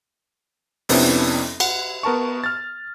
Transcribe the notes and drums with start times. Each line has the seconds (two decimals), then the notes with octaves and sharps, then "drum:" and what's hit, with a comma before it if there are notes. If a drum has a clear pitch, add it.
0.89 F2 C3 B3 C#4 D4 E4, drum: open hi-hat
1.60 F#5, drum: cymbal
2.03 B3 A#4 A5 C#6
2.44 F6 A6